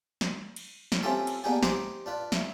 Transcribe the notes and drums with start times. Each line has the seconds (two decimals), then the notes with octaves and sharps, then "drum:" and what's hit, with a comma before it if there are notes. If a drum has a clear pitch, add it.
0.21 drum: snare
0.56 drum: cymbal
0.92 drum: snare
1.03 C4 C#4 F4 G4 A4 E5
1.27 drum: cymbal
1.44 A#3 B3 D4 D#4 G4 G#4
1.63 D#4 G4 C5 A#5 C6 D6, drum: snare
2.06 D4 F4 B4
2.32 E5, drum: snare